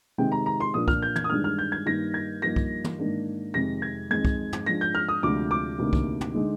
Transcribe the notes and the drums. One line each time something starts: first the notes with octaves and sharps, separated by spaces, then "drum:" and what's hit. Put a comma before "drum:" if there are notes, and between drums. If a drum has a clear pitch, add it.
C3 D#3 G#3 C4 G5
A#5
A#5
C6
A#2 F3 A#3 D4 D#6
F6, drum: kick
G6
G#6, drum: tom
D#6
G2 D#3 G#3 D4 F6
F6
G6
G#6
G2 D#3 A#3 D#4 A#6
G#6
G2 F3 A#3 D#4 A#6
drum: kick
drum: tom
G#2 D#3 A#3 D4
F2 C3 D#3 G#3 A#6
G#6
F2 D#3 G#3 G#6
drum: kick
drum: tom
G#2 F3 G#3 D4 A#6
G6
F6
D#6
D2 C3 F3 G#3 D4 D6
D6
D2 C3 D#3 A#3 D4
drum: kick
drum: tom
D3 G#3 D#4